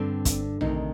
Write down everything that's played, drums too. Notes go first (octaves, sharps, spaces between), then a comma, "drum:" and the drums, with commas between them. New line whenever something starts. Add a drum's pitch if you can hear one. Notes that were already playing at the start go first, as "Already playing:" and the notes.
Already playing: G2 D3 C4
drum: kick, hi-hat
D2 C3 D#3 D#4, drum: tom A#1